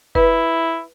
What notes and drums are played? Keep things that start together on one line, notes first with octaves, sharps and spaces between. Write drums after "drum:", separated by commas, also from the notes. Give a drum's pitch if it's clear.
E4 B4, drum: kick